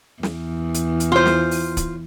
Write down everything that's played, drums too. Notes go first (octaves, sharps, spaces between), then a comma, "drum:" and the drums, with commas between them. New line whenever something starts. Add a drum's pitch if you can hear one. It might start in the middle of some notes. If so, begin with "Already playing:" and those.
E2, drum: snare
drum: hi-hat
drum: hi-hat
F4 C5
drum: snare
drum: open hi-hat
drum: kick, hi-hat